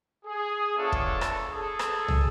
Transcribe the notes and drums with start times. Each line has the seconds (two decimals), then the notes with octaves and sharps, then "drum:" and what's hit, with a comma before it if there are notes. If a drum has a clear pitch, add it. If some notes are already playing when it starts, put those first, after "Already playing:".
0.26 G#4
0.77 B3 D4 F4 A4 C#5 E5
0.92 drum: kick
1.21 drum: rim click
1.50 G#4 A4
1.79 drum: rim click
2.08 drum: tom